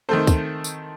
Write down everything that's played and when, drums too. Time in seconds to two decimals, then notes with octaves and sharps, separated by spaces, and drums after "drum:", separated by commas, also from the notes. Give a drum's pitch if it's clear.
0.09 D#3 A3 C4 A4 C5
0.27 drum: kick, tambourine
0.64 drum: tambourine